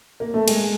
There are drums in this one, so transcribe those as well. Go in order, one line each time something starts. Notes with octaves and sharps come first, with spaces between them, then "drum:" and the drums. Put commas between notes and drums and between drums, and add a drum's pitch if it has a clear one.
A#3
A3
G#3, drum: cymbal